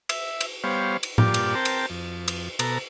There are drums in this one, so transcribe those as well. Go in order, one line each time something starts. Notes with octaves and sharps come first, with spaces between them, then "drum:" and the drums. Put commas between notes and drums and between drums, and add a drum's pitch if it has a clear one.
E5, drum: cymbal
drum: cymbal
G3 B3 C5 C#5 F5
drum: cymbal
G2 A#2 F4 G4 D5, drum: tom A2
drum: cymbal
C4 A#4 C5 G5 A5
drum: cymbal
F2
drum: cymbal
B2 A4 A#5, drum: cymbal